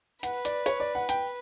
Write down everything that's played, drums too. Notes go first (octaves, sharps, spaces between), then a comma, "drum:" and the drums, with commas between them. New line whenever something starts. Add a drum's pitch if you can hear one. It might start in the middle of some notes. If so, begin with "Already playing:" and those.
B4 F#5, drum: hi-hat
D5, drum: hi-hat
C#5, drum: hi-hat
D5
F#5
G5, drum: hi-hat